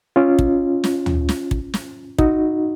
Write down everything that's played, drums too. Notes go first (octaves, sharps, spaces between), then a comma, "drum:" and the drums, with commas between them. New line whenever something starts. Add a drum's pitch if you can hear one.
C#4 F4
drum: kick
drum: snare
drum: tom
drum: snare
drum: kick
drum: snare
D#4 F#4, drum: kick